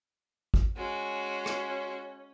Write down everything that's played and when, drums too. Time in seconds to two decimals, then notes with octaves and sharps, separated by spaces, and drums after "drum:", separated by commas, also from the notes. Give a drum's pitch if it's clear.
0.54 drum: kick G#1
0.77 G#3 C#4 F#4
1.46 drum: rim click